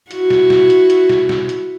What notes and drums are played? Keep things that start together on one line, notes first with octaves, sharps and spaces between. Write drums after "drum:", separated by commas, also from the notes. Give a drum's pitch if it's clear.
E4 F#4, drum: hi-hat
drum: snare
drum: snare
drum: hi-hat
drum: hi-hat
drum: snare
drum: snare
drum: hi-hat